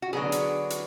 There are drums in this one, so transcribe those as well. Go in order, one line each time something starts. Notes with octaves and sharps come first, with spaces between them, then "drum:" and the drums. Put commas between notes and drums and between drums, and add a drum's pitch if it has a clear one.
F#4
D3 F#3 B3 G#4
drum: hi-hat
drum: hi-hat